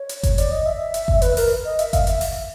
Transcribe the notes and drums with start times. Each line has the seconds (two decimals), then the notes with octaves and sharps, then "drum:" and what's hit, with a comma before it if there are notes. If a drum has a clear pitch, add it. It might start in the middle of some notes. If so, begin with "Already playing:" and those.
Already playing: C#5
0.09 drum: hi-hat
0.23 drum: kick G1, hi-hat
0.38 D5, drum: hi-hat
0.51 D#5
0.66 E5
0.94 drum: hi-hat
1.08 drum: kick G1
1.22 B4, drum: hi-hat
1.37 A#4, drum: open hi-hat
1.65 D#5
1.79 E5, drum: hi-hat
1.93 F5, drum: kick G1, hi-hat
2.07 E5, drum: hi-hat
2.21 drum: open hi-hat